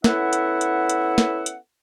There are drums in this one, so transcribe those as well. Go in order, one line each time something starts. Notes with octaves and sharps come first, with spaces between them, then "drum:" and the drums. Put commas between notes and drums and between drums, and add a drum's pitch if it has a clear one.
B3 C#4 E4 A4 E5 F#5, drum: snare
drum: hi-hat
drum: hi-hat
drum: hi-hat
drum: snare
drum: hi-hat